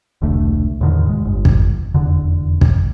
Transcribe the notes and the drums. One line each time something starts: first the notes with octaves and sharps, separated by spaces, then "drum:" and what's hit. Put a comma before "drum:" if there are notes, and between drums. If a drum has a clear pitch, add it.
E1 C2 D3 A3
E2 A2 D3 D#3
F1 G#3
G1
drum: kick
F1 E2 D3
drum: kick